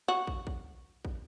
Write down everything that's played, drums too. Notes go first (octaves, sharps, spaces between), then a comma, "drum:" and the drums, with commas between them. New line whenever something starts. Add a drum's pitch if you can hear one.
F#4
drum: kick
drum: kick
drum: kick